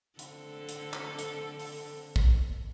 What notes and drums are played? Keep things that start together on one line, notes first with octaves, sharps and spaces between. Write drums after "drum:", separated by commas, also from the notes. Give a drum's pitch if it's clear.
D3 C4 A4, drum: hi-hat
drum: hi-hat
drum: clap
drum: hi-hat
drum: open hi-hat
drum: kick